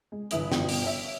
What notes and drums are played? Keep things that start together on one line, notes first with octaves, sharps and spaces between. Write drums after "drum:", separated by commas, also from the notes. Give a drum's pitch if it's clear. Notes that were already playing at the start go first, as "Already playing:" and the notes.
G#3
G1 E3 E5 D#6 F#7, drum: hi-hat
G1 B2 G5, drum: snare
drum: open hi-hat
C#5 E5